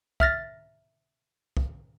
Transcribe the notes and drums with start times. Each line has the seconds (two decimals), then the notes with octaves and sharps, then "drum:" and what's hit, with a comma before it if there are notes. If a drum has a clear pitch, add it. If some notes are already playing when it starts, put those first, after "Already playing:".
0.20 E5 F6 A6 A#6, drum: kick
1.57 drum: kick